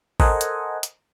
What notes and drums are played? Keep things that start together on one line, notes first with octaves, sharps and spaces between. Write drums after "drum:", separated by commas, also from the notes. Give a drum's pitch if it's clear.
A4 A#4 C5 D#5 F#5 G#5, drum: kick A1
drum: hi-hat
drum: hi-hat